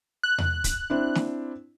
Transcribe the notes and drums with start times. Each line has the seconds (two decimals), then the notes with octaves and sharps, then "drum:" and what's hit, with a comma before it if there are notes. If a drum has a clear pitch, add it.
0.23 F#6
0.38 drum: tom E2
0.64 drum: kick, hi-hat
0.90 C4 D4 E4
1.15 drum: snare